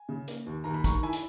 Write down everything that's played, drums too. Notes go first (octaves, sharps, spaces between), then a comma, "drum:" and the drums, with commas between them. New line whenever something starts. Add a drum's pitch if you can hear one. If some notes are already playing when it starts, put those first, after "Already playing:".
Already playing: G#5
C#3
A#3, drum: hi-hat
D#2
D#2 A#5
B5
D#3 A#5 C#6, drum: kick, hi-hat
E4 G#5 B5
drum: hi-hat